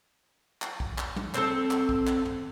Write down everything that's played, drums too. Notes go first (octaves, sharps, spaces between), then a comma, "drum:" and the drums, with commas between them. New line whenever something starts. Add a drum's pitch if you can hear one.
drum: clap
drum: kick A#1
drum: clap
drum: tom
C4 A4, drum: clap
drum: clap
drum: kick A#1
drum: clap
drum: tom